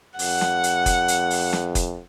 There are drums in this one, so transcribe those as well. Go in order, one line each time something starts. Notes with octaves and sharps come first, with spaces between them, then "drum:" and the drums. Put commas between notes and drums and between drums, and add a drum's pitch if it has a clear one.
F2 F#5, drum: open hi-hat
drum: snare
drum: hi-hat
drum: kick F#1, hi-hat
drum: hi-hat
drum: open hi-hat
drum: snare
drum: kick F#1, hi-hat